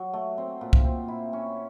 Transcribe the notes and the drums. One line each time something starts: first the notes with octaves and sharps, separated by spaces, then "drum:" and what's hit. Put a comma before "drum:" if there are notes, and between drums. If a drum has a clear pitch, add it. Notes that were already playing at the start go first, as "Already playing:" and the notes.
Already playing: F#3
A3
C4
A#2
drum: kick
C4
E4
C#4